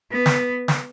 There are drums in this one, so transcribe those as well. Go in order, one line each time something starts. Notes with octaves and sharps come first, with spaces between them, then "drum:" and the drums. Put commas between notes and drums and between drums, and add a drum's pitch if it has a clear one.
B3
drum: snare
drum: snare